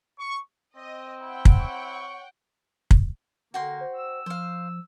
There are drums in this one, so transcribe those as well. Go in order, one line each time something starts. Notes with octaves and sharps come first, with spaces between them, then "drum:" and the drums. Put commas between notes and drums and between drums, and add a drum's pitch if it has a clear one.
C#6
C4 D#5
E4 F#5 G5
drum: kick
C#5 C#6
drum: kick
D3 A#3 F#4 G5 C6
C5
E6
F3 C5 F5